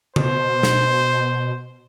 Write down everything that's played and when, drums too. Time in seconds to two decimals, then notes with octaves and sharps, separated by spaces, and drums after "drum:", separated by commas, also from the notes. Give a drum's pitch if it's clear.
0.16 B2 C5, drum: tom C#3
0.63 drum: snare